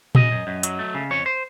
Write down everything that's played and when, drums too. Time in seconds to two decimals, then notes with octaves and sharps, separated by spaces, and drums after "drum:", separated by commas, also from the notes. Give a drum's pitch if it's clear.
0.15 C#3 D#5, drum: tom A#2
0.31 F#2
0.47 F#2
0.63 F#3, drum: hi-hat
0.79 A3
0.94 C#3
1.11 F2 C#5
1.26 C5